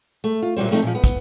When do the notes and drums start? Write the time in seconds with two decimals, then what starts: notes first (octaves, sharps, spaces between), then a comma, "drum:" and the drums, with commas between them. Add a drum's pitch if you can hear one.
0.24 A3
0.42 F4
0.57 D2 A#2 F#3 G3 C5
0.71 F3 A3 C4 D#4
0.82 A#2 F3
0.95 B3
1.04 drum: kick, hi-hat